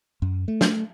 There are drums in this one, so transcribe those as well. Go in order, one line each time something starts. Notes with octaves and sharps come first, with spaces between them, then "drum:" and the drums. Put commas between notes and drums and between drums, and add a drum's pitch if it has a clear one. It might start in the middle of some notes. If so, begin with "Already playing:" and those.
F#2
A3
drum: snare